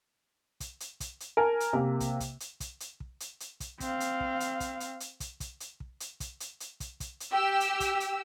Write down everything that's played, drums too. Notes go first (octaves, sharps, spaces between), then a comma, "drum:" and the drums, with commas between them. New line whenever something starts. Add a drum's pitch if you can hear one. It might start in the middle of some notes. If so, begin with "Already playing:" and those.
drum: kick, hi-hat
drum: hi-hat
drum: kick, hi-hat
drum: hi-hat
A#4 G#5 A5
drum: hi-hat
C3 A#3
drum: kick, hi-hat
drum: kick, hi-hat
drum: hi-hat
drum: kick, hi-hat
drum: hi-hat
drum: kick
drum: hi-hat
drum: hi-hat
drum: kick, hi-hat
C4 F5, drum: kick, hi-hat
drum: hi-hat
drum: kick
drum: hi-hat
drum: kick, hi-hat
drum: hi-hat
drum: hi-hat
drum: kick, hi-hat
drum: kick, hi-hat
drum: hi-hat
drum: kick
drum: hi-hat
drum: kick, hi-hat
drum: hi-hat
drum: hi-hat
drum: kick, hi-hat
drum: kick, hi-hat
drum: hi-hat
G4 E6
drum: hi-hat
drum: kick, hi-hat
drum: hi-hat